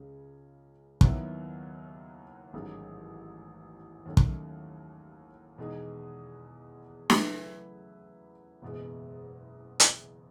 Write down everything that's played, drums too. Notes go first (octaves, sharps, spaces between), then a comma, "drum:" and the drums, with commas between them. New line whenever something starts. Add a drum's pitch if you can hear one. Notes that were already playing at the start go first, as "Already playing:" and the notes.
Already playing: C#2 C#3 G#3 C#4
D#2 D#3 F#3 B3 E4, drum: kick
A1 G#2 D#3 F#3 C#4
D#2 D#3 F#3 A3 C#4
drum: kick
E2 B2 G#3 D#4 G#4
C#3 F#3 A3 E4 B4, drum: snare
F#1 E2 B2 G#3
drum: hi-hat